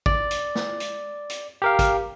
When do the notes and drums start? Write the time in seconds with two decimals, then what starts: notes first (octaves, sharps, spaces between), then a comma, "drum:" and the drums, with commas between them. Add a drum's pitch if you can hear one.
0.06 D5, drum: kick
0.31 drum: hi-hat
0.55 drum: snare
0.80 drum: hi-hat
1.30 drum: hi-hat
1.62 G4 A#4 F5
1.79 drum: kick, hi-hat